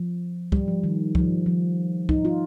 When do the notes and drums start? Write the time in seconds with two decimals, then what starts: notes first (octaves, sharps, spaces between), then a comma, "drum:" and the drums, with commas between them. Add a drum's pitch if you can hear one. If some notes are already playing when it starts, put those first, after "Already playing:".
Already playing: F3
0.52 G3, drum: kick
0.68 F3
0.84 D#3
1.15 F3, drum: kick
1.46 F3
2.09 D#4, drum: kick
2.25 F4